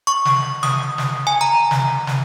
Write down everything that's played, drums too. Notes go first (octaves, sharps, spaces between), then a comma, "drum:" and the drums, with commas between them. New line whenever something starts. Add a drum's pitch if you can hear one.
C#6
drum: snare
D#6, drum: snare
drum: snare
G#5
A#5
drum: snare
drum: snare